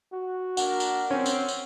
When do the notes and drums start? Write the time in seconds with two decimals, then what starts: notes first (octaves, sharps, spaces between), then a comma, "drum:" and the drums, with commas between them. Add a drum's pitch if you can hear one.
0.13 F#4
0.57 A#3 D4 A#4 F#5, drum: tambourine
0.80 drum: tambourine
1.11 C4 C#4
1.26 drum: tambourine
1.48 drum: tambourine